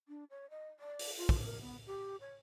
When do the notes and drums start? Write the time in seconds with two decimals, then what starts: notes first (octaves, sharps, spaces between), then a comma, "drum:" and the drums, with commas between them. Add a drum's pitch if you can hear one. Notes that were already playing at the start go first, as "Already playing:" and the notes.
0.08 D4
0.30 C#5
0.50 D#5
0.80 D5
0.99 drum: open hi-hat
1.17 F4
1.29 drum: kick
1.45 A#4
1.61 B3
1.86 G4
2.21 C#5